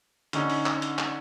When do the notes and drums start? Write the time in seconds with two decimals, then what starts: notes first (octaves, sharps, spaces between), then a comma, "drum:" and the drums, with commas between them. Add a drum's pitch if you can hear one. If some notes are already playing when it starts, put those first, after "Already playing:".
0.33 D3 C#4 D#4, drum: hi-hat
0.50 drum: open hi-hat
0.66 drum: clap
0.82 drum: hi-hat
0.98 drum: clap